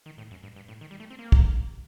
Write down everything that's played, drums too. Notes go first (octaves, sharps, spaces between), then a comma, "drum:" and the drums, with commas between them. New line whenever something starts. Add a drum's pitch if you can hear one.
D#3
A2
F#2
G2
G2
A2
D#3
G3
A3
C4
A#3
drum: kick